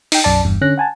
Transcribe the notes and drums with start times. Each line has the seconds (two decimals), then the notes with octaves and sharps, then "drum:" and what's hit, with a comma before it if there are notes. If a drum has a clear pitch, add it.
0.12 D#4 G5, drum: open hi-hat
0.24 B1 F#2 D5 A5
0.45 G1 E2 G2
0.61 D3 C#4 F#6 A#6
0.78 F#5 G#5 A5